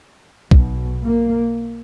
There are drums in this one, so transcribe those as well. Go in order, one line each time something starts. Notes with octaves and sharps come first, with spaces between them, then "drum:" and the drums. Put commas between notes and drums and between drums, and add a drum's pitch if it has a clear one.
B1 B2, drum: kick
A#3